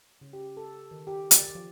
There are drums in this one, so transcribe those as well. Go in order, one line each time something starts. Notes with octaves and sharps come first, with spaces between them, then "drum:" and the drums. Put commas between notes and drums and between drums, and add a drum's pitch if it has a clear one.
C#3
G4
A4
D#3
G4
D5, drum: hi-hat
F3